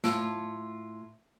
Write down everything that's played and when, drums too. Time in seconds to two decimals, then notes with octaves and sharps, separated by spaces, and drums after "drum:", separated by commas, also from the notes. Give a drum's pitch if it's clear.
0.04 A2 F4, drum: snare